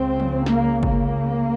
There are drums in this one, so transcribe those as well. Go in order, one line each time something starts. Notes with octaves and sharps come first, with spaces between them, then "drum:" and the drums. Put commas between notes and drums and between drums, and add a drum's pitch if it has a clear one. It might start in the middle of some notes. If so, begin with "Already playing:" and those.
Already playing: C#2 C#3 C4
drum: tom
A#3, drum: snare
A#3, drum: kick